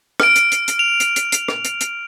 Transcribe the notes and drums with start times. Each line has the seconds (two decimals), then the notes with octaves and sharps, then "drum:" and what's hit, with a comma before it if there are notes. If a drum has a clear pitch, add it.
0.20 F6 D7, drum: rim click
0.36 drum: hi-hat
0.52 drum: hi-hat
0.68 drum: hi-hat
0.79 F7
1.00 drum: hi-hat
1.16 drum: hi-hat
1.32 drum: hi-hat
1.48 drum: rim click
1.65 drum: hi-hat
1.81 drum: hi-hat